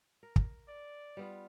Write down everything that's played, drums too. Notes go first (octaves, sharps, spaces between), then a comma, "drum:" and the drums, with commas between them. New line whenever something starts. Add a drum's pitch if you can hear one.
A#4
drum: kick
D5
G3 B3 F4